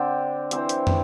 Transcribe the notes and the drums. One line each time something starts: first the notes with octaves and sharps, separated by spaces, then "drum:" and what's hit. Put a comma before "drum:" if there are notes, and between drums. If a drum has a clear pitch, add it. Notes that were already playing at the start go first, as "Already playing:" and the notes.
Already playing: D3 C4 D4 G4
E3 C4 G4, drum: hi-hat
drum: hi-hat
drum: tom